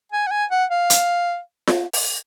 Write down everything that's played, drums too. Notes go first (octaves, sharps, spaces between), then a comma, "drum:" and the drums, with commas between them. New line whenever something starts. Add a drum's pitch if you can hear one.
G#5
F#5
G#5
F#5
F5
drum: hi-hat
drum: snare F4
drum: open hi-hat